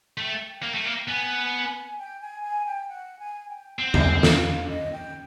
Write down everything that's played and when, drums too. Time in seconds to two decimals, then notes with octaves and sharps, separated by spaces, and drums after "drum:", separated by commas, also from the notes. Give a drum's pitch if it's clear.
0.18 A3 G5
0.63 A#3
0.74 A3
0.85 A#3
1.08 B3 G#5
1.97 G5
2.20 G#5
2.43 G#5
2.66 G5
2.89 F#5
3.18 G#5
3.49 G5
3.79 C4 F#5
3.94 drum: tom E2
4.23 F5, drum: snare
4.69 D#5
4.91 G5